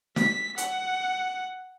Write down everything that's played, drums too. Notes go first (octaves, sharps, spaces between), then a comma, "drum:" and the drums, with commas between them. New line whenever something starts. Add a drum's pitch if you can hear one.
B6, drum: snare
F#5, drum: hi-hat